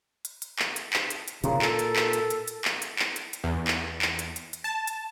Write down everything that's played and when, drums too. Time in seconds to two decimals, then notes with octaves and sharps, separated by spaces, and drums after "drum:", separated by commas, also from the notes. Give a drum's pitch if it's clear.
0.25 drum: hi-hat
0.42 drum: hi-hat
0.59 drum: clap
0.76 drum: hi-hat
0.93 drum: clap
1.10 drum: hi-hat
1.28 drum: hi-hat
1.44 A#2 C#3, drum: hi-hat
1.62 A4, drum: clap
1.79 drum: hi-hat
1.96 drum: clap
2.13 drum: hi-hat
2.30 drum: hi-hat
2.48 drum: hi-hat
2.65 drum: clap
2.82 drum: hi-hat
2.99 drum: clap
3.16 drum: hi-hat
3.33 drum: hi-hat
3.44 E2
3.67 drum: clap
4.02 drum: clap
4.19 drum: hi-hat
4.36 drum: hi-hat
4.53 drum: hi-hat
4.64 A5
4.87 drum: hi-hat